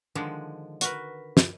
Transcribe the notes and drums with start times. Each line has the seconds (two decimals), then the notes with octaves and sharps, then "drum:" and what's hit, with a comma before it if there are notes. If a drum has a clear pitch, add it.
0.15 D3 D#3 F3 G#3 D4
0.81 F#4 A#4 B4, drum: hi-hat
1.37 drum: snare